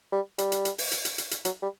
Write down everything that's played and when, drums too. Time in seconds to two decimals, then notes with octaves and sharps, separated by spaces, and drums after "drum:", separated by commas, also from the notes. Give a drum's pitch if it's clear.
0.12 G3
0.38 G3, drum: hi-hat
0.52 drum: hi-hat
0.65 drum: hi-hat
0.78 drum: open hi-hat
0.92 drum: hi-hat
1.05 drum: hi-hat
1.18 drum: hi-hat
1.31 drum: hi-hat
1.45 F#3, drum: hi-hat
1.63 G3